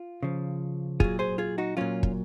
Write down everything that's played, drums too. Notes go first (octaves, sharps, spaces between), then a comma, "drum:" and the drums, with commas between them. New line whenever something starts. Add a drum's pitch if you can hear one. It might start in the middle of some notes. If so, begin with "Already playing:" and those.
Already playing: F4
C#3 F3
A#2 F#3 F4 G#4, drum: kick
G#4 C5
F4 G#4
D#4 F#4
A#2 F#3 C#4 F4
drum: kick